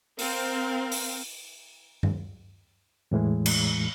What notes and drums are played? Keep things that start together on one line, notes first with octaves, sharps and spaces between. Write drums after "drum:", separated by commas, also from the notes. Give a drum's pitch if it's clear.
C4 A#4 F5 G5, drum: open hi-hat
drum: open hi-hat
drum: tom G2
E2 A2 E3 G#3
drum: cymbal